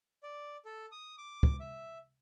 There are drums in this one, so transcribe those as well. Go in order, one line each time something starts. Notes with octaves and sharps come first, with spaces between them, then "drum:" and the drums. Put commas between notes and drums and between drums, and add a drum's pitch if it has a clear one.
D5
A4
D#6
D6
drum: kick
E5